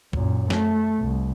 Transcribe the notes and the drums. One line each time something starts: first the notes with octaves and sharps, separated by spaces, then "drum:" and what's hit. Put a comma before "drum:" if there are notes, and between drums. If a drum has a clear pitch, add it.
F#2 A#2, drum: kick B1
A3, drum: snare
C2